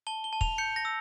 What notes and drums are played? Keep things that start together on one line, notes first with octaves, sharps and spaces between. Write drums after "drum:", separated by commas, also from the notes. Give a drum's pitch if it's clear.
A5 G7
G7
A5
F7, drum: kick
G6 C#7
A#6
E6